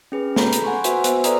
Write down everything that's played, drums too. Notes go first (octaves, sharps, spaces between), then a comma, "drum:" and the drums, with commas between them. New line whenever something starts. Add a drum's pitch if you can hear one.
C#4 G#4 B4
A4 A#5 B5 G6, drum: snare
drum: hi-hat
F#5 G#5 C6 C#6
F#4 B4 C5 E5 G#5, drum: hi-hat
B3 C5 E5, drum: hi-hat
A4 B4 D5 E5 A#5 D#6, drum: hi-hat